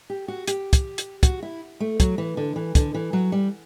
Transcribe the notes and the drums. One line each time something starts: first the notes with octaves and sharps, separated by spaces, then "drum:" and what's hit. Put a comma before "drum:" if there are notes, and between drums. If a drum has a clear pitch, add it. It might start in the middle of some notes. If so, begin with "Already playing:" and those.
G4
F#4
G4, drum: hi-hat
drum: kick, hi-hat
drum: hi-hat
F#4, drum: kick, hi-hat
E4
A3
F#3, drum: kick, hi-hat
E3
D3
E3
D3, drum: kick, hi-hat
E3
F#3
G3